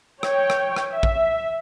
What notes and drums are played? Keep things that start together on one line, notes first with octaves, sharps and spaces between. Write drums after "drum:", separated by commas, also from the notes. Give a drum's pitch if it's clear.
C#5 G5, drum: rim click
drum: rim click
drum: rim click
E5
drum: kick